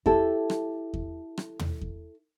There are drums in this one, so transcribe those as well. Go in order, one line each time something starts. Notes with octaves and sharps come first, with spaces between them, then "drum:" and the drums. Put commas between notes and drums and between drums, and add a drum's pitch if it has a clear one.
E4 G4 A4, drum: kick E2
drum: rim click
drum: kick E2
drum: rim click
drum: tom
drum: kick E2